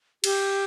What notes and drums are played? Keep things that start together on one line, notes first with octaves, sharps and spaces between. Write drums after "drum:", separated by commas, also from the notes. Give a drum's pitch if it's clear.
G4, drum: cymbal